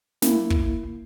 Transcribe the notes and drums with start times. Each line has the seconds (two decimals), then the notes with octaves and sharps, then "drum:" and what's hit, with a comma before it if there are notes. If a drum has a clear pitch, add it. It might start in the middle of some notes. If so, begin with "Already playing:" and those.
0.22 A#3 E4, drum: snare
0.50 drum: kick